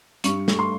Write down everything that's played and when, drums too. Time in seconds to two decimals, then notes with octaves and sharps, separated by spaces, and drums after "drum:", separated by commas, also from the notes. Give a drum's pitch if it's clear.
0.24 G2 C#6, drum: hi-hat
0.48 A3, drum: snare
0.59 C6